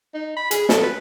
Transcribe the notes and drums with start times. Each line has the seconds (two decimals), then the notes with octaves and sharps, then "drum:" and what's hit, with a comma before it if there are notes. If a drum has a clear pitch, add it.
0.14 D#4
0.36 B5
0.51 G#4, drum: hi-hat
0.69 A4, drum: snare
0.83 B4